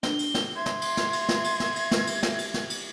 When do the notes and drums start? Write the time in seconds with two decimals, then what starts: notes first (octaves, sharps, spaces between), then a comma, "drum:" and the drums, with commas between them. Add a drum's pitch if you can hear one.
0.03 D4 G7, drum: snare
0.19 drum: cymbal
0.34 drum: snare
0.56 E5 C6 G#6
0.66 drum: snare
0.81 drum: cymbal
0.97 drum: snare
1.13 drum: cymbal
1.29 drum: snare
1.44 drum: cymbal
1.60 drum: snare
1.76 drum: cymbal
1.91 drum: snare
2.07 drum: cymbal
2.23 drum: snare
2.38 drum: cymbal
2.54 drum: snare
2.70 drum: cymbal